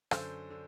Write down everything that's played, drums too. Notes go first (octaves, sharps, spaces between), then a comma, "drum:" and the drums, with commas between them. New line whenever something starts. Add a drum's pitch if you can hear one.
F#2 D3 C5, drum: rim click
D3